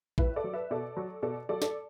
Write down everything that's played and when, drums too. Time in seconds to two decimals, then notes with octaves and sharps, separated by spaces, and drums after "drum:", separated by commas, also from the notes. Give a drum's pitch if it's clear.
0.18 A2 B4 E5, drum: kick A#1
0.36 A4 D5
0.44 F#3
0.53 B4 E5
0.71 B2 A4 D5
0.97 F#3
1.23 B2 A4 D5
1.49 F#3 A4 D5
1.62 A4 D5, drum: snare